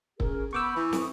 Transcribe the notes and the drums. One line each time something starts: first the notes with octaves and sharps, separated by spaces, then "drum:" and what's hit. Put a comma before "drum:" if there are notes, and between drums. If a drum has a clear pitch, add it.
C#4 G#4 A#4, drum: kick
B3 B5 C#6 D6 E6 G6
E3
C#6 D#6, drum: snare